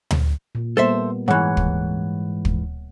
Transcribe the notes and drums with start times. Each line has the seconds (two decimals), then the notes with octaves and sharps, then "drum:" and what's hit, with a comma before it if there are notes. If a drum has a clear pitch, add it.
0.11 drum: tom D2
0.55 A#2
0.77 G3 A#3 B3 A4 C5 E5
1.28 G#2 E3 G3 C#5 F#5
1.57 drum: kick
2.45 drum: kick